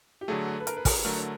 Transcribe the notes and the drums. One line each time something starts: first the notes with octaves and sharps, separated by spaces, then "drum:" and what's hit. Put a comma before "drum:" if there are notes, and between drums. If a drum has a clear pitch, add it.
G4
D3 F#3 A3 G#4
A4
B4
A#4, drum: hi-hat
B4
A#4, drum: kick, open hi-hat
D3 F#3 A3 A#4